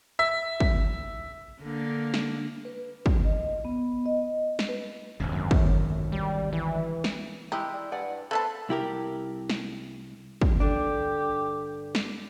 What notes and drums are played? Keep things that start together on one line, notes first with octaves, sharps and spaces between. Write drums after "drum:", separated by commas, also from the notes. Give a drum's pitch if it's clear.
E5
drum: kick
D3 A#3 D4
drum: snare
B4
drum: kick
D#5
B3
D#5
drum: snare
B4
D#1 G#1 D2 C3
F#2
drum: kick
G3
E3
drum: snare
G#3 D#4 E4 G4
G3
G2 D5 F#5 G#5
A3 B3 A4 B4 C5 A5
C2 E4 G4 A#4
drum: snare
drum: kick
G2 D3 D4 G4
drum: snare